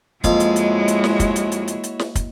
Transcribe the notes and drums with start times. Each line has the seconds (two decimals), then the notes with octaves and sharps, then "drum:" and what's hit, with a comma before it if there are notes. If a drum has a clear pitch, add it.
0.24 F2 G#3 A#3 E4 F#4 C#5 D#5 F5, drum: kick, hi-hat
0.40 drum: hi-hat
0.56 drum: hi-hat
0.88 drum: hi-hat
1.04 drum: snare
1.20 drum: kick, hi-hat
1.36 drum: hi-hat
1.52 drum: hi-hat
1.68 drum: hi-hat
1.84 drum: hi-hat
1.99 drum: snare
2.15 drum: kick, hi-hat